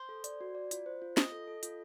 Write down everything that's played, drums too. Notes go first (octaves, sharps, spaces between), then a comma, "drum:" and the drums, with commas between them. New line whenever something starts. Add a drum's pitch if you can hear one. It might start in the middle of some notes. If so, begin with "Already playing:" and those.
Already playing: C5
A4
D5, drum: hi-hat
F#4
D5
F4, drum: hi-hat
C5
F4
F4 D#5, drum: snare
A4
A4
F4, drum: hi-hat